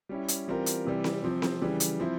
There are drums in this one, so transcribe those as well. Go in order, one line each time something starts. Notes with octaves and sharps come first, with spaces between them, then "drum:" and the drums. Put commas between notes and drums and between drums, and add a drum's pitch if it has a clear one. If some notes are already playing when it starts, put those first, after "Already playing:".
G3 C#4 E4
drum: hi-hat
E3 G3 C4 F4 A#4
drum: hi-hat
C3 E3 G3
drum: snare C4
C3 F3 C4
drum: snare C4
C#3 E3 G3
drum: hi-hat
F3 C4 E4